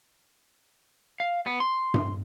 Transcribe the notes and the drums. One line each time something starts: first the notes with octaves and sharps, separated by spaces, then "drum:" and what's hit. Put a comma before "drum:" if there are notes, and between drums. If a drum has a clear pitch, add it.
F5
B3
C6
drum: tom G2